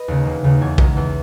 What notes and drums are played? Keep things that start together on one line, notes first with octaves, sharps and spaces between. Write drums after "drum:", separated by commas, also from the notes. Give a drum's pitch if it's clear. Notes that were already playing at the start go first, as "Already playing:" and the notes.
Already playing: B4 D#5
D#2 C#3
E1
D#2 C#3
E2 C#5
D#3 G#3, drum: kick
E2